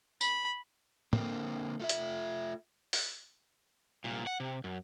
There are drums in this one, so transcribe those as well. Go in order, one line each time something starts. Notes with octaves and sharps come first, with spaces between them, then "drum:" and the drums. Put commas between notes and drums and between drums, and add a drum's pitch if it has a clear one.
B5, drum: tambourine
D3 A#3 C4, drum: tom
A3 F4 E5
drum: hi-hat
drum: open hi-hat
C2 A#2
F#5
C3
F#2